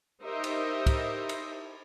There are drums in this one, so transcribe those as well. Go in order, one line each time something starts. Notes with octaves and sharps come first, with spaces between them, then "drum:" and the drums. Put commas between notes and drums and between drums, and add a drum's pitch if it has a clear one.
D#4 G4 A#4 C5 D#5 E5
drum: cymbal
drum: kick, cymbal
drum: cymbal